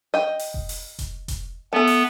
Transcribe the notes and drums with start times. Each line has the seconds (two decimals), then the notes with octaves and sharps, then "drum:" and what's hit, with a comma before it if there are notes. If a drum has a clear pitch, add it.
0.14 D#5 G5
0.39 drum: open hi-hat
0.54 drum: kick F1
0.69 drum: open hi-hat
0.99 drum: kick F1, hi-hat
1.28 drum: kick F1, hi-hat
1.73 A3 B3 A4
1.87 drum: open hi-hat